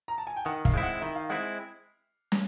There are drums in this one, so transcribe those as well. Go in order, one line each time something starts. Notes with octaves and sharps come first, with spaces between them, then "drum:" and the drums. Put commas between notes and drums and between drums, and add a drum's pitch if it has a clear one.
A#5
A5
G#5
G5
D#3 F#5
F5, drum: kick
G#3 C4 E4
F#5
D#3 E5
F5
G#3 C4 E4 F#5
drum: snare